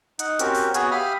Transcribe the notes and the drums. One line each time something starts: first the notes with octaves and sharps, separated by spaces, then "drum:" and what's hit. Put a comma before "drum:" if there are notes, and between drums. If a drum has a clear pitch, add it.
D#4 F#5, drum: hi-hat
C4 C#4 F#4 G4 A#4, drum: hi-hat
drum: open hi-hat
B3 F#4 G#4 C#5, drum: hi-hat
G4 E5 F5 B5 D#6 F6